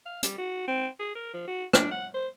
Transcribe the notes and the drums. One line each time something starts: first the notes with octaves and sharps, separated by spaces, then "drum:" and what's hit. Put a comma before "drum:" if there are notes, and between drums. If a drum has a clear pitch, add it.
F5
G3, drum: hi-hat
F#4
C4
G#4
A#4
F3
F#4
D4, drum: rim click
F#5
C5